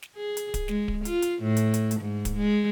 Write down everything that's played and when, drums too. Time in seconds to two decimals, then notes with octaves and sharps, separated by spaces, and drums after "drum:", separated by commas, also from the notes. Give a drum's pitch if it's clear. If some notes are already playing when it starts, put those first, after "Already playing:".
0.02 drum: snare
0.16 G#4
0.37 drum: hi-hat
0.54 drum: kick D1, hi-hat
0.68 G#3, drum: snare
0.88 drum: kick D1
1.05 F4, drum: hi-hat
1.22 drum: hi-hat
1.43 A2
1.57 drum: hi-hat
1.74 drum: hi-hat
1.91 drum: hi-hat
2.00 G#2
2.25 drum: kick D1, hi-hat
2.37 G#3